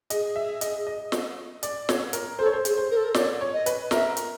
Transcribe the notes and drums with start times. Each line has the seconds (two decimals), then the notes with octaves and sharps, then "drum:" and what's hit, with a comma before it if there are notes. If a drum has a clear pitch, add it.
0.10 G#4 D#5, drum: hi-hat
0.36 E5
0.61 D#5, drum: hi-hat
0.87 D#5
1.12 drum: snare
1.63 D5, drum: hi-hat
1.89 C#5, drum: snare
2.13 A#4, drum: hi-hat
2.39 A4 C5
2.46 C#5
2.53 C5
2.65 G#4, drum: hi-hat
2.78 C5
2.90 A#4
2.96 A4
3.03 A#4
3.14 C#5 D5, drum: snare
3.41 C#5
3.53 D#5
3.66 B4, drum: hi-hat
3.91 A#4 E5, drum: snare
4.17 drum: hi-hat